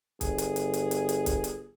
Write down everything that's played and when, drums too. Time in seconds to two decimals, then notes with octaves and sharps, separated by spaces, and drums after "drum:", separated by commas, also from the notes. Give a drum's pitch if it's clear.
0.21 G1 G#4, drum: kick, hi-hat
0.38 drum: hi-hat
0.56 drum: hi-hat
0.74 drum: hi-hat
0.91 drum: hi-hat
1.09 drum: hi-hat
1.26 drum: kick, hi-hat
1.44 drum: hi-hat